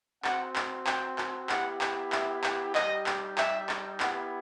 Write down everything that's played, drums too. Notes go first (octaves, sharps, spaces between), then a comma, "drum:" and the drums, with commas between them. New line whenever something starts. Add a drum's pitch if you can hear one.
C4 F#4 F#5, drum: clap
drum: clap
G5, drum: clap
drum: clap
B3 E4 G4 F#5, drum: clap
drum: clap
E5, drum: clap
drum: clap
G3 D#4 G4 D#5, drum: clap
drum: clap
E5, drum: clap
drum: clap
B3 E4 G4 F#5, drum: clap